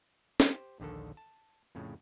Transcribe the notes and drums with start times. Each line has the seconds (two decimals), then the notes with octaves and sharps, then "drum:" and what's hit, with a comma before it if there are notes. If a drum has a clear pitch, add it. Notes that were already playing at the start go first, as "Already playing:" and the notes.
0.40 G4 C5, drum: snare
0.80 A#1 D#2 D3 D#3 A4
1.17 A5
1.75 F2 A2 C#3